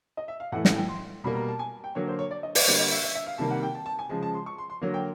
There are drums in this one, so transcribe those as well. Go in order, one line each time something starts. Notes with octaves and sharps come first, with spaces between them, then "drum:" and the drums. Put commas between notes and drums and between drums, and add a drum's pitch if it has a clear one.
D#5
E5
F5
A2 E3 A3 F#5
F#5, drum: snare
G5
C6
B2 G3 A#3 B5
A#5
A5
G#5
G5
D3 F#3 A#3 C#5
C5
C#5
D5
D#5
D5, drum: open hi-hat
D3 G3 A#3 D5
D#5
E5
E5
E5
F5
C3 D#3 G3 A#3 A5
F#5
G5
A5
A5
G#5
C#3 F3 G#3 A5
A5
C6
C#6
C6
C6
D3 F#3 A#3
G5